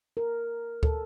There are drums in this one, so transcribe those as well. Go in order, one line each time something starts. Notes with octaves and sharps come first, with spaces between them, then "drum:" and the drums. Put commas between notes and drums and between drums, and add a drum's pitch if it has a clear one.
A#4
A4, drum: kick